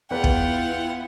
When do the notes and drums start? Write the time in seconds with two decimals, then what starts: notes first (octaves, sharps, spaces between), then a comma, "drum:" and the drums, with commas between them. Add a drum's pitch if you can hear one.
0.11 E2 B3 E4 F4 B4 F#5 G5
0.24 drum: kick